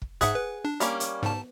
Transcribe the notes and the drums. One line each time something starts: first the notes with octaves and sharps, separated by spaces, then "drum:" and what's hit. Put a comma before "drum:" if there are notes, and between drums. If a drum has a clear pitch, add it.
drum: kick
G#2 G#4 E5 F#5 F#6, drum: kick, hi-hat
B4
D4
G3 A#3 C#4, drum: hi-hat
drum: hi-hat
G#2 A5, drum: snare B3